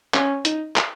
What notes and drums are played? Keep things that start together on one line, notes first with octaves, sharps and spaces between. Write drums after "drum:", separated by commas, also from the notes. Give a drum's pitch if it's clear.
C#4, drum: clap
D#4, drum: hi-hat
drum: clap